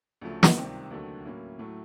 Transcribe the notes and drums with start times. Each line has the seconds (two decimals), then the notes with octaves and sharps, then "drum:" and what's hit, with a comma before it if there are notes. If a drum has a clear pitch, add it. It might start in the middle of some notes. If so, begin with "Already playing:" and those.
0.21 D2 C#3 F3 A3
0.43 drum: snare
0.56 C#2 C3 D#3 G3 C4
0.90 D#2 D3 F#3 A3 C4
1.24 A2 F#3 A#3 C#4 E4
1.59 A2 F#3 A3